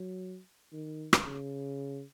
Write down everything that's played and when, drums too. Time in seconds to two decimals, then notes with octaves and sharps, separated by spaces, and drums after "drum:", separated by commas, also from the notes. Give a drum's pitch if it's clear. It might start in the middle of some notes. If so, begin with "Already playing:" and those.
Already playing: F#3
0.72 D#3
1.13 drum: rim click
1.26 C#3